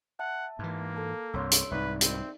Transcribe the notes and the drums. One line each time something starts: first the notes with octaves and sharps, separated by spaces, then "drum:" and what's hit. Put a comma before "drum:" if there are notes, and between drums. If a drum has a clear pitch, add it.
E5 F#5 A5
G#2 E3 A#3
A4 A5
C2 G2 C#5 C6 E6
drum: hi-hat
C2 G#2 D#4 B4 D5 E5
C4, drum: hi-hat